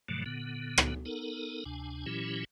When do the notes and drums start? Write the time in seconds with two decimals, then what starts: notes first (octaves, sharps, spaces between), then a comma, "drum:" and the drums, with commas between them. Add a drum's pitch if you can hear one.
0.09 G2 B2 D3 F3 F#3 A3
0.26 A#2 D3 B3
0.78 drum: rim click
1.05 B3 D#4 A4 A#4
1.65 D2 C3 D4 G#5
2.06 A#2 E3 F#3 C#4 E4 G4